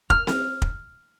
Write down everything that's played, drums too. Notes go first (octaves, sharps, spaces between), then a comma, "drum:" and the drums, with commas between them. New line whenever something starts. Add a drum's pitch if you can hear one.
F6, drum: kick
drum: snare C4
drum: kick